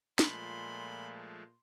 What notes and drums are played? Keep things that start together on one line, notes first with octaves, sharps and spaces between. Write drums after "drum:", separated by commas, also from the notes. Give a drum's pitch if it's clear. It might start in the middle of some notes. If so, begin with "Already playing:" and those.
A#2 F3 G#3 A3 B5 C6, drum: snare